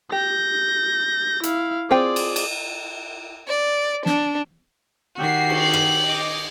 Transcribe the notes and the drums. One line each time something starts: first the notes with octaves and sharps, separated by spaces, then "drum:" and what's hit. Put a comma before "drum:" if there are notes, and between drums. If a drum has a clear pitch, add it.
G4 G6 A#6
E4 F5, drum: hi-hat
C4 F4 G#4 D5 G5
drum: cymbal
drum: cymbal
D5
D4, drum: snare
D#3 F#4 G4 B6 C7
drum: cymbal
F#7
drum: rim click
D#5 D6